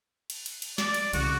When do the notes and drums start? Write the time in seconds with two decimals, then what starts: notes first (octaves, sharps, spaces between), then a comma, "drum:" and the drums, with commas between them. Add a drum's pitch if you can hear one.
0.30 drum: cymbal
0.46 drum: cymbal
0.62 drum: cymbal
0.78 D5, drum: snare
0.94 drum: cymbal
1.13 C2 C#3 F#4, drum: cymbal